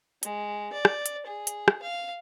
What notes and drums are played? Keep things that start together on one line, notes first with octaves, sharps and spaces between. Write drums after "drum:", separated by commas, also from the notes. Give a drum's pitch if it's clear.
G#3, drum: hi-hat
D5
drum: rim click
drum: hi-hat
G#4
drum: hi-hat
drum: rim click
F5